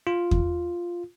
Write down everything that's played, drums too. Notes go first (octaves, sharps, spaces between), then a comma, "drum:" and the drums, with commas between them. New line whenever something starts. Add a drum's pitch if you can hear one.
F4
drum: kick E2